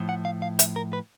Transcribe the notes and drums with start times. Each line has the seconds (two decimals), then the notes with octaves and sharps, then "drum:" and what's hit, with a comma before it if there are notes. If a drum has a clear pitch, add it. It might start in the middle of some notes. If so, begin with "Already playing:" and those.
Already playing: A2 F3
0.09 F#5
0.25 F5
0.42 F5
0.59 E5, drum: hi-hat
0.76 A#4
0.93 B4